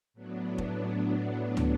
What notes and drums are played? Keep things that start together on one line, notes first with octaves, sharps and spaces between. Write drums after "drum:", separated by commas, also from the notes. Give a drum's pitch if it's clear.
A2 F#3 B3 D4
drum: kick
drum: tom